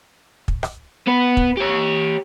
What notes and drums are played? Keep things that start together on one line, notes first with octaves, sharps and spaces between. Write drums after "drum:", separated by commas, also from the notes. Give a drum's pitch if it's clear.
drum: kick
drum: rim click
B3 B4
drum: kick
G4 C#5